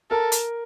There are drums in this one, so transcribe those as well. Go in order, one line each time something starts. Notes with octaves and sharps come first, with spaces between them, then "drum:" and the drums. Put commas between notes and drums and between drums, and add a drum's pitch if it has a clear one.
A4 A#4
drum: hi-hat